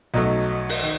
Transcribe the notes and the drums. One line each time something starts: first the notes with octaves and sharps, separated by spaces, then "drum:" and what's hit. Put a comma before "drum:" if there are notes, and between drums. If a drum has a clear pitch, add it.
B1 B2 F#3 A3 D#4
drum: open hi-hat
D#3